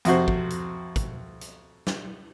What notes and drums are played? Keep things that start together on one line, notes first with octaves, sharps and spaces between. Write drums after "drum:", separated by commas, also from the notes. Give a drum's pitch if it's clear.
F2 C3 F#4 C5, drum: hi-hat
drum: kick
drum: hi-hat
drum: kick, hi-hat
drum: hi-hat
drum: snare